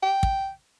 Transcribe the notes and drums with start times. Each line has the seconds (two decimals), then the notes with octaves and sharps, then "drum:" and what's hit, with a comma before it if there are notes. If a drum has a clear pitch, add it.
0.02 G5
0.23 drum: kick